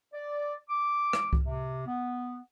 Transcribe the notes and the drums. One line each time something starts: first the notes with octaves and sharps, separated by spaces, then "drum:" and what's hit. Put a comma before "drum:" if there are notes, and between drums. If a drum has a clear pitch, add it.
D5
D6
drum: rim click
drum: kick C2
C3
B3